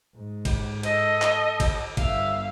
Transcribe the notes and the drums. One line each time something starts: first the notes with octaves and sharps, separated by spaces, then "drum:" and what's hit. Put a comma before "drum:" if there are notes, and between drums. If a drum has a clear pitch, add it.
G#2
drum: kick, cymbal
A4 D#5, drum: cymbal
drum: clap
drum: kick, cymbal
G1 E5 F5, drum: kick, cymbal